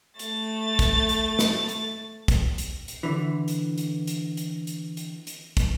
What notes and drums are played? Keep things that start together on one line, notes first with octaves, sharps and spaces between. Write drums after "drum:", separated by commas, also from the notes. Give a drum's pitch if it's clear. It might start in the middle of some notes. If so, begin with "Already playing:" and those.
A3 A6, drum: hi-hat
drum: kick, hi-hat
drum: hi-hat
drum: snare
drum: hi-hat
drum: kick, hi-hat
drum: hi-hat
drum: hi-hat
D3 E3
drum: hi-hat
drum: hi-hat
drum: hi-hat
drum: hi-hat
drum: hi-hat
drum: hi-hat
drum: hi-hat
drum: kick, hi-hat